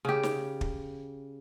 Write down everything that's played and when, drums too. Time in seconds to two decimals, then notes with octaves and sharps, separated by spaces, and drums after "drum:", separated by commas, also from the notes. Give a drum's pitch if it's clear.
0.05 C#3 G4
0.23 drum: snare
0.61 drum: kick